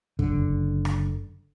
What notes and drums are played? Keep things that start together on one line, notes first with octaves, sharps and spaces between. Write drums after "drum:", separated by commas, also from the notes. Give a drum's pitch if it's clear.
F#1 D3, drum: kick F2
drum: rim click